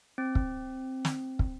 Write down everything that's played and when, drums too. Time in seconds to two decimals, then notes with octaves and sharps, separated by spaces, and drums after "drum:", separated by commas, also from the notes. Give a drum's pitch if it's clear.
0.18 C4
0.35 drum: kick
1.05 drum: snare
1.39 drum: kick